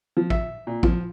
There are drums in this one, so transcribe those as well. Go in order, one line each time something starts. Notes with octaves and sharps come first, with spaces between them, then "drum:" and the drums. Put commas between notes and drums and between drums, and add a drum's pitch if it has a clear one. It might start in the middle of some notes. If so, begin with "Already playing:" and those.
F3
E5, drum: kick A1
A#2
F3, drum: kick A1